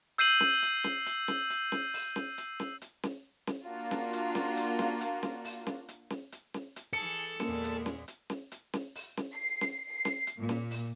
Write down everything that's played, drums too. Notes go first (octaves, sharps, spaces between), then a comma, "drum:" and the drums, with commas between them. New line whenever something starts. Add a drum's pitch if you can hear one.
E6 G6 C7 D#7 F#7, drum: open hi-hat
drum: snare
drum: hi-hat
drum: snare
drum: hi-hat
drum: snare
drum: hi-hat
drum: snare
drum: open hi-hat
drum: snare
drum: hi-hat
drum: snare
drum: hi-hat
drum: snare
drum: snare
A#3 D4 F4 F#4
drum: snare
drum: hi-hat
drum: snare
drum: hi-hat
drum: snare
drum: hi-hat
drum: snare
drum: open hi-hat
drum: snare
drum: hi-hat
drum: snare
drum: hi-hat
drum: snare
drum: hi-hat
E3 G#4 A4 C#7
E2 A#2 G#3 A#3, drum: snare
drum: hi-hat
drum: snare
drum: hi-hat
drum: snare
drum: hi-hat
drum: snare
drum: open hi-hat
drum: snare
C7
drum: snare
C7
drum: snare
drum: hi-hat
A#2
drum: snare
drum: open hi-hat